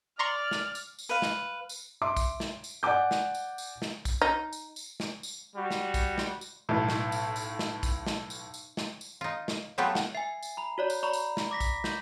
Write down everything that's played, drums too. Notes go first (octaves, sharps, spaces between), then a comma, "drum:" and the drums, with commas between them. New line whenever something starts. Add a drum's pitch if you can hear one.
D5 A#5 C6 C#6 F6
drum: snare
drum: tambourine
drum: tambourine
B4 F5
drum: snare
drum: tambourine
E5 C6 D6
drum: kick B1, tambourine
drum: snare
drum: tambourine
D5 F#5 G#5 D6 G6
drum: snare
drum: tambourine
drum: tambourine
drum: snare
drum: kick B1, tambourine
D#4
drum: tambourine
drum: tambourine
drum: snare
drum: tambourine
G3 F#4
drum: snare
drum: kick B1, tambourine
drum: snare
drum: tambourine
B1 A2
drum: snare
drum: tambourine
drum: tambourine
drum: snare
drum: kick B1, tambourine
drum: snare
drum: tambourine
drum: tambourine
drum: snare
drum: tambourine
D#4 F4
drum: snare
F#3 A3 B3 F4 G4 A4
drum: snare
E5 G#5 C7
drum: tambourine
A#5 B5
F#4 C#5 D5
drum: tambourine
D5 A#5 B5 C#6
drum: tambourine
drum: snare
D6 A#6 B6
drum: kick B1, tambourine
G6, drum: snare